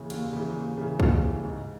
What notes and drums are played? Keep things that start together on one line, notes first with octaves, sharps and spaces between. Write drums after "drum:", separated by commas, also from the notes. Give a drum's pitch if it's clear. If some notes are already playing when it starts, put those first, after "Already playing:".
Already playing: D#2 C#3 E3
D#2, drum: cymbal
C#3 E3
D#2
C#3 E3
D#2, drum: kick
C#3 E3
G#2